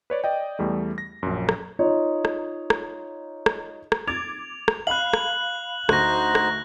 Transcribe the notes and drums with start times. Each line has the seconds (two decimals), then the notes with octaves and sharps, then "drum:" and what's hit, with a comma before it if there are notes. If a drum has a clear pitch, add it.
0.10 B4 C#5 D5
0.24 D5 D#5 G5
0.59 E2 G3 A3
0.98 A#6
1.23 A#1 F#2
1.49 drum: rim click
1.79 D#4 F4 C#5
2.25 drum: rim click
2.70 drum: rim click
3.46 drum: rim click
3.92 drum: rim click
4.07 D6 G#6 A6 F7
4.68 drum: rim click
4.87 F5 B5 F#6 F#7
5.13 drum: rim click
5.89 D2 D#4 F#4 C5 F#6 A#6, drum: rim click
6.35 drum: rim click